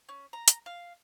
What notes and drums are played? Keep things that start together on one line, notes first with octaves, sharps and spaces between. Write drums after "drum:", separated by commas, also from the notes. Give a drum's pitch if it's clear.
C#4
A#5
drum: hi-hat
F5